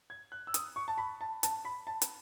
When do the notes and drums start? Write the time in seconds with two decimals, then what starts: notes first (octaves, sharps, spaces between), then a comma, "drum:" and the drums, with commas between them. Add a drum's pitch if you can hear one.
0.10 G#6
0.32 F#6
0.47 E6
0.54 D#6, drum: hi-hat
0.76 C#6
0.88 A5
0.98 B5
1.21 A5
1.43 A5, drum: hi-hat
1.65 B5
1.87 A5
2.02 drum: hi-hat